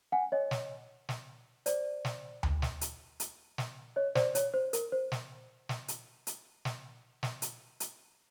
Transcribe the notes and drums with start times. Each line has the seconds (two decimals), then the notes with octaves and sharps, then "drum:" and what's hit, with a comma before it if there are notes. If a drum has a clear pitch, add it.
0.12 F#5 G#5
0.32 C#5 D#5
0.51 drum: snare
1.09 drum: snare
1.66 C5 D5, drum: hi-hat
2.05 drum: snare
2.43 drum: tom D2
2.62 drum: snare
2.81 drum: hi-hat
3.20 drum: hi-hat
3.58 drum: snare
3.96 C#5 D#5
4.15 C5 D5, drum: snare
4.35 C#5, drum: hi-hat
4.54 C5
4.73 A#4, drum: hi-hat
4.92 C5
5.12 drum: snare
5.69 drum: snare
5.88 drum: hi-hat
6.27 drum: hi-hat
6.65 drum: snare
7.23 drum: snare
7.42 drum: hi-hat
7.80 drum: hi-hat